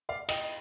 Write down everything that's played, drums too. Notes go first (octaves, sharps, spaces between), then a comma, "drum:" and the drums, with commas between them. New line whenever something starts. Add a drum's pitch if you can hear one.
D5 F5
D#5 G5, drum: cymbal